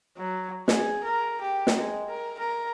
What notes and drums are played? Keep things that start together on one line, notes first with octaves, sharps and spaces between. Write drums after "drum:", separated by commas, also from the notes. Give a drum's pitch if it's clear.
F#3
G#4, drum: snare
A#4
G4
drum: snare
G#3
A#4
A#4